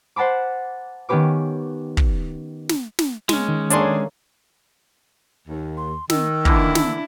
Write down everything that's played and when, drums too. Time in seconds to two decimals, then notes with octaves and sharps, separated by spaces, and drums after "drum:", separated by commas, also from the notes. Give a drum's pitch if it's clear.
0.16 C5 F#5 A5 B5 D6
1.09 D#3 B3 C#4 G4 B4 D6
1.97 drum: kick
2.69 drum: snare
2.99 drum: snare
3.29 G#3 C#4, drum: snare
3.48 D#3
3.70 A3 A#3 D4 G#4 C#5 C6, drum: hi-hat
5.48 D#2
5.77 C6
6.10 D#3 E6, drum: snare
6.45 D3 E3 A#3 D4 E4, drum: kick
6.75 drum: snare